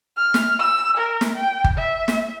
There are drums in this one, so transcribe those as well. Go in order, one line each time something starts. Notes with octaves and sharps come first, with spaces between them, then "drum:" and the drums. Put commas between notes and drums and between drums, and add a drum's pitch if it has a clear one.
F6
drum: snare
E6
A#4
drum: snare
G5
drum: kick G1
E5
drum: snare